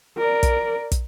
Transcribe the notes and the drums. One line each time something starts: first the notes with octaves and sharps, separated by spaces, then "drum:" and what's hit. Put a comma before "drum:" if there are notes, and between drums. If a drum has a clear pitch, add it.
A#4 D5
drum: kick, hi-hat
drum: kick, hi-hat